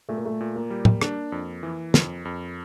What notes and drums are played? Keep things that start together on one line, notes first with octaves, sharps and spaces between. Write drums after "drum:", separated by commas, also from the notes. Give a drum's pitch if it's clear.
A#2 A3
A#3
A3
A#2
A#3
G3
drum: tom
D4, drum: rim click
F2
E3
F2, drum: snare
F2